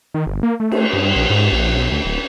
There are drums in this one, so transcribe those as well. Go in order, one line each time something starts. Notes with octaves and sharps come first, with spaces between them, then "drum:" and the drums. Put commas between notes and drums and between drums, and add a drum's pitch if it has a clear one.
D#3
G1
A#3
A3
drum: cymbal
G2
A#1
G#2
A#1
B1
D2
D1